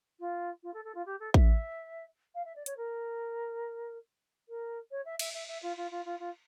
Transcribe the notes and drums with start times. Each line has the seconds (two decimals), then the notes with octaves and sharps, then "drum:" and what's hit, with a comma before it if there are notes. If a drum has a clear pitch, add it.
0.20 F4
0.63 F4
0.74 A4
0.84 A4
0.94 F4
1.06 G4
1.20 A4
1.34 E5, drum: kick
2.34 F5
2.45 E5
2.56 D5
2.66 C#5, drum: hi-hat
2.77 A#4
4.49 A#4
4.91 C#5
5.05 E5
5.19 E5, drum: cymbal
5.34 E5
5.48 E5
5.62 F4
5.77 F4
5.91 F4
6.05 F4
6.19 F4